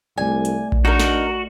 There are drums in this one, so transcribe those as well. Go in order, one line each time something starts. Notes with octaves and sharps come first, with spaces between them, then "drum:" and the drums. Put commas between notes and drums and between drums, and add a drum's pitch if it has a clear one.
C2 A3 D5 G#5
drum: hi-hat
drum: kick A#1
D4 D#4 F#4 A#4
drum: snare